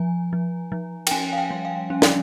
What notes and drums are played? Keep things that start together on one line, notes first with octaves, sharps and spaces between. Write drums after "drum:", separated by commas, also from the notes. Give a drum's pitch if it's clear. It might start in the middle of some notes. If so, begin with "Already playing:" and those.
Already playing: F3 G#5
F3
F3
G5, drum: cymbal
C#4 G#5
F5
G5
G3
F5
C#4
drum: snare